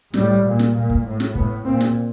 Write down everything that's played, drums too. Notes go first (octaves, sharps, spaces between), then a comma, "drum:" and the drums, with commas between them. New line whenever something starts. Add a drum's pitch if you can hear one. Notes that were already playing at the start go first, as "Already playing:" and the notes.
A2 G3, drum: snare
A#2
drum: snare
A#2 A#3
drum: kick
A2
drum: snare
A2 B3, drum: kick
A#2 C4
drum: snare